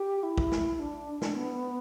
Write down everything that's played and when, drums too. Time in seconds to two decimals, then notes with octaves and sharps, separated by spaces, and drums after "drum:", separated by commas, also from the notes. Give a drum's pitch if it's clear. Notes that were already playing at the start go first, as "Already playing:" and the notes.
Already playing: G4
0.23 E4
0.38 drum: kick
0.52 drum: snare
0.80 D4
1.22 drum: snare
1.35 B3